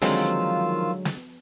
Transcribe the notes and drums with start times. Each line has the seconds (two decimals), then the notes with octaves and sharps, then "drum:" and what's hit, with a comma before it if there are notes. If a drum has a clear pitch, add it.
0.02 D3 D#3 F3 F#3 G#3 C4 F4 E6, drum: open hi-hat
1.05 drum: snare